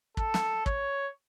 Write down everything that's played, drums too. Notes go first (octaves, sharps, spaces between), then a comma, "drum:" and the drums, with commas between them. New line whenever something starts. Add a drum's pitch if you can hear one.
A4, drum: kick
drum: snare
C#5, drum: kick